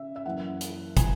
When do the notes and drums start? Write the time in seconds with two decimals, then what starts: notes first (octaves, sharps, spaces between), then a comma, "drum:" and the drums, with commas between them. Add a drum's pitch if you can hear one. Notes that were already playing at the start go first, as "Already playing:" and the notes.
Already playing: C#3 E5
0.16 E5
0.25 F#2 E3 A#3 F#5
0.61 drum: hi-hat
0.97 G#5, drum: kick, hi-hat